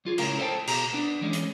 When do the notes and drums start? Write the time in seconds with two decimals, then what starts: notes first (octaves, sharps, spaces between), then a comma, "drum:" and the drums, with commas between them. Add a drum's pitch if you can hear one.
0.05 F#3 F4 G#4
0.18 C#2 A2 C#4 A#4 F5 G5, drum: cymbal
0.38 A4 C5 D5 G5 A5
0.67 B2 G#4 A#5, drum: cymbal
0.93 B3 D4
1.21 E3 G#3 C#4
1.33 drum: hi-hat